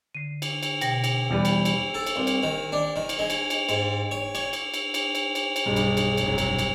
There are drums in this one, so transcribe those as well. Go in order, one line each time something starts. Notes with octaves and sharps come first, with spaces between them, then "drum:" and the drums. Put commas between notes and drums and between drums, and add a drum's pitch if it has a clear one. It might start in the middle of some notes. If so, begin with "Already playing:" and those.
D3 C7 D#7
drum: cymbal
drum: cymbal
B2 G5 A#6, drum: cymbal
drum: cymbal
E2 G3 B4
drum: cymbal
drum: cymbal
A4
drum: cymbal
C2
drum: cymbal
D#3
D4
D#3
drum: cymbal
G#3
drum: cymbal
drum: cymbal
G#2, drum: cymbal
C#5
C#5, drum: cymbal
drum: cymbal
drum: cymbal
drum: cymbal
drum: cymbal
drum: cymbal
drum: cymbal
B1 G2 G3 G#4
drum: cymbal
drum: cymbal
F1 F#3, drum: cymbal
drum: cymbal
drum: cymbal